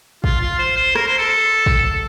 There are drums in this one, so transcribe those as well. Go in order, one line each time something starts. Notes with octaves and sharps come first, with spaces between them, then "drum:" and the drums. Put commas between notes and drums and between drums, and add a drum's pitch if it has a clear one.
F4, drum: kick
F4
C5
C5
A#4, drum: rim click
C5
A4
drum: kick